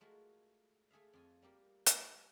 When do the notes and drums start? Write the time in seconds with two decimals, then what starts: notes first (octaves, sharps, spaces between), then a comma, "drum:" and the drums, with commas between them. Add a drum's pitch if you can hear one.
0.01 G#3 A3 F4 F#4 A#4
0.91 A3 G#4 E5 F5
1.13 F2 F4 G#5
1.42 G3 A#3 G4 A#4
1.86 drum: hi-hat